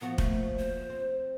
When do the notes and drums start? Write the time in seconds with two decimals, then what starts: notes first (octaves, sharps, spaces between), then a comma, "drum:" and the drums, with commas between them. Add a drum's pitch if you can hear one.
0.01 A#2 F3 B3 F#4
0.18 A3, drum: kick
0.58 C5
0.90 C4